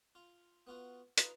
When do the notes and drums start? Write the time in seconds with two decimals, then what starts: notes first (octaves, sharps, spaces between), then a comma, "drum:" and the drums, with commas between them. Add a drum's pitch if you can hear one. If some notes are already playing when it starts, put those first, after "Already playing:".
0.15 F4
0.67 B3 F4 F#4
1.18 D#4 F4 B4, drum: hi-hat